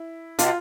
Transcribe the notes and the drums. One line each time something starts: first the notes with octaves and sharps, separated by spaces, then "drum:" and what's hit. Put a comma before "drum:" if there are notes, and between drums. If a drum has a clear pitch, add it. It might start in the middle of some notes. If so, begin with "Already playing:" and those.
Already playing: E4
B2 F4, drum: hi-hat